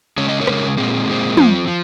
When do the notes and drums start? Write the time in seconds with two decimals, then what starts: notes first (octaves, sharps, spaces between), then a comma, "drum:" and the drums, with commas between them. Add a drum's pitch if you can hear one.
0.17 C#3 G#3 C#4 C#5
0.29 D#5
0.41 A#4 C#5
0.47 C#3 G#3 C#4, drum: rim click
0.78 A#2 G#3 C4
1.07 A#2 G#3 C4
1.37 F3 C4, drum: tom
1.67 F3